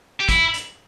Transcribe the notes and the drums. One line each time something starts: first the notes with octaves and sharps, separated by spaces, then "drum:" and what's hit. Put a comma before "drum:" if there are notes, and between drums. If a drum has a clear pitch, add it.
G4
E4, drum: kick, hi-hat
drum: hi-hat